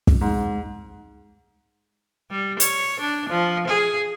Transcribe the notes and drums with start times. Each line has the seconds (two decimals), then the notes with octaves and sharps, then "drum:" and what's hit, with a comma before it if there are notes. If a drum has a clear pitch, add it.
0.07 drum: kick
0.21 G#2
2.31 G3
2.60 C#5, drum: hi-hat
3.01 D4
3.29 F3
3.68 G#4